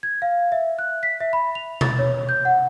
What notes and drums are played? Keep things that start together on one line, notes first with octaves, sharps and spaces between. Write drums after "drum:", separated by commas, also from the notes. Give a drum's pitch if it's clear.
G#6
F5
E5
F#6
B6
E5
B5
F7
A6, drum: tom B2
C#5
G6
F#5